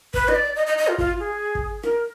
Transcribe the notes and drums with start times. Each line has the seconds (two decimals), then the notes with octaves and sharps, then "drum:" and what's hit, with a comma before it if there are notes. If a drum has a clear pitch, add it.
0.14 B4, drum: kick
0.28 D#5, drum: rim click
0.35 D5
0.56 D#5
0.67 D#5
0.78 D#5
0.88 F4
0.98 F4, drum: kick
1.20 G#4
1.55 drum: kick
1.83 A#4, drum: rim click